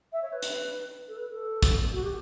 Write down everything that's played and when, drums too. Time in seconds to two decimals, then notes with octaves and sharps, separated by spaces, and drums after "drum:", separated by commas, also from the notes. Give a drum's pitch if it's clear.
0.12 E5
0.22 C#5
0.33 B4
0.42 drum: hi-hat
1.08 A4
1.17 B4
1.32 A4
1.63 drum: kick, hi-hat
1.93 F#4
2.03 G4